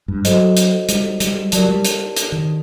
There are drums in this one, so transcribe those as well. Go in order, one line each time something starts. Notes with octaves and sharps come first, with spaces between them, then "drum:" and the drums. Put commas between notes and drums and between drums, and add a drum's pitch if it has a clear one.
G2
F#3 F#4 A4 C5 D#5, drum: hi-hat
drum: hi-hat
G3, drum: hi-hat
G3, drum: hi-hat
F#3 G4 A#4 D5 A5, drum: hi-hat
G3
drum: hi-hat
drum: hi-hat
D#3